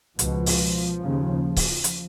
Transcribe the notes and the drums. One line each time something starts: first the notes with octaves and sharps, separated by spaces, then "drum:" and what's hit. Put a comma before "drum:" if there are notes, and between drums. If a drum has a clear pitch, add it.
C#2 B2 F3, drum: hi-hat
drum: open hi-hat
D#2 C#3
drum: kick C#1, open hi-hat
drum: hi-hat